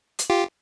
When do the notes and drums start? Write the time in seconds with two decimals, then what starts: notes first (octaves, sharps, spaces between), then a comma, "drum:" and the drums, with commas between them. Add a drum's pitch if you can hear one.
0.19 drum: hi-hat
0.30 F4 G4